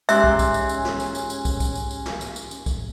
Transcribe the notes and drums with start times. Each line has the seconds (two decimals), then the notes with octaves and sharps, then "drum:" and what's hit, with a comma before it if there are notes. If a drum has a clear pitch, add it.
0.09 G#2 C#4 G4 E5 C6 E6 F#6, drum: tambourine
0.24 drum: kick
0.39 drum: kick, tambourine
0.54 drum: tambourine
0.69 drum: tambourine
0.84 drum: snare
1.00 drum: tambourine
1.15 drum: tambourine
1.30 drum: tambourine
1.45 drum: kick, tambourine
1.60 drum: kick, tambourine
1.75 drum: tambourine
1.91 drum: tambourine
2.06 drum: snare
2.21 drum: tambourine
2.36 drum: tambourine
2.51 drum: tambourine
2.66 drum: kick, tambourine